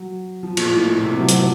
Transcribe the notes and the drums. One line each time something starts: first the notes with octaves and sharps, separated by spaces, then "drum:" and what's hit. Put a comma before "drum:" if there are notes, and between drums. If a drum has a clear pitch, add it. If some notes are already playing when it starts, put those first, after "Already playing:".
Already playing: F#3
F3
A#2, drum: cymbal
A2
A#2
C3
F#3
F#3, drum: hi-hat
F3